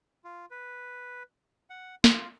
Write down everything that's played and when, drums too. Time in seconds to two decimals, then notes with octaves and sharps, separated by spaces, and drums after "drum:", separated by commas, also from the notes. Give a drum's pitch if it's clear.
0.24 F4
0.51 B4
1.70 F#5
2.04 F4, drum: snare